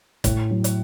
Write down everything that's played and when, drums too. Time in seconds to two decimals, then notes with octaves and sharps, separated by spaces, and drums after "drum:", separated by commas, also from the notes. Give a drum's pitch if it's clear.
0.24 A2, drum: kick, hi-hat
0.51 F#3
0.64 drum: hi-hat